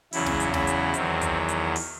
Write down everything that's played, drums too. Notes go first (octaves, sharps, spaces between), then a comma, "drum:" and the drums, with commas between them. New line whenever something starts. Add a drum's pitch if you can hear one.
E2 C#3 F#3 E4, drum: open hi-hat
drum: snare
drum: hi-hat
E4, drum: snare
drum: hi-hat
E2 D#3 F#3 C4, drum: hi-hat
drum: kick, hi-hat
drum: hi-hat
drum: open hi-hat